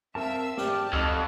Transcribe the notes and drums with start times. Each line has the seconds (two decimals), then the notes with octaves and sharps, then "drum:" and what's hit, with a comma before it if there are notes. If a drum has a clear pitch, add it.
0.15 C4 A#4 E5 F5 A5 E6
0.58 G#2 G4 D5 G5 A5 F6, drum: snare
0.93 F2 F#4 A4 D#5 E6 F6, drum: kick C#2